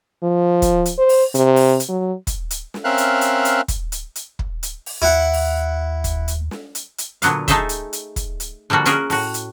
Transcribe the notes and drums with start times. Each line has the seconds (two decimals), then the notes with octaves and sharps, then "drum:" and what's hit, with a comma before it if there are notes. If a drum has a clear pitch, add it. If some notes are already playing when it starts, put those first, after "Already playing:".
0.23 F3
0.62 drum: kick, hi-hat
0.85 drum: hi-hat
0.98 C5
1.09 drum: open hi-hat
1.35 C3, drum: hi-hat
1.56 drum: open hi-hat
1.80 drum: hi-hat
1.89 F#3
2.27 drum: kick, hi-hat
2.50 drum: hi-hat
2.74 drum: snare
2.84 C4 C#4 A#4 E5 F5 F#6
2.98 drum: hi-hat
3.21 drum: hi-hat
3.45 drum: hi-hat
3.68 drum: kick, hi-hat
3.92 drum: hi-hat
4.15 drum: hi-hat
4.39 drum: kick
4.63 drum: hi-hat
4.86 drum: open hi-hat
5.02 D#2 E4 F#5
5.33 drum: open hi-hat
6.04 drum: kick, hi-hat
6.28 drum: hi-hat
6.51 drum: snare
6.75 drum: hi-hat
6.98 drum: hi-hat
7.22 A#2 D3 F#3 B3 F5, drum: hi-hat
7.48 A3 D#4 G#4 A4 C5 E5, drum: kick, hi-hat
7.69 drum: hi-hat
7.93 drum: hi-hat
8.16 drum: kick, hi-hat
8.40 drum: hi-hat
8.70 D3 F3 G3 A#3 F#4
8.86 C#4 F4 F#4 G#4 A#4, drum: hi-hat
9.10 A2 F#4, drum: open hi-hat
9.34 drum: hi-hat